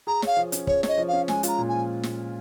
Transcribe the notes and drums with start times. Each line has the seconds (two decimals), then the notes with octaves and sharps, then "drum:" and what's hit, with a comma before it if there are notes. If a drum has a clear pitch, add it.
0.07 G#4 A#5
0.22 C#5 F5, drum: snare
0.37 F3
0.52 C#4, drum: hi-hat
0.67 G#4 C#5, drum: kick
0.83 C#5, drum: snare
0.88 D#5
0.97 F3
1.08 C#4 F5
1.28 G#3 G#5, drum: snare
1.43 F4 A#5, drum: hi-hat
1.58 A#2
1.69 F3 G#5
2.03 drum: snare